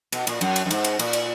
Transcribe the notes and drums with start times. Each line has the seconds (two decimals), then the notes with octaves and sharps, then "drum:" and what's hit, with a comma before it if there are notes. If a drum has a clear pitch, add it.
0.12 B2, drum: cymbal
0.27 A#2, drum: cymbal
0.41 F#2, drum: cymbal
0.56 drum: cymbal
0.66 F#2
0.71 G#2, drum: cymbal
0.85 drum: cymbal
0.99 A#2, drum: cymbal
1.13 drum: cymbal